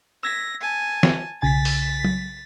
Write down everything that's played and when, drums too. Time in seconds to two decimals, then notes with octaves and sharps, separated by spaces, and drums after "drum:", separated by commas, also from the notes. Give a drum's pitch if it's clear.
0.23 E6 G#6 A#6 B6
0.61 G#5 A5
1.03 drum: snare
1.42 B1 C#3 G#5 A6 B6
1.65 drum: open hi-hat
2.04 drum: tom F#3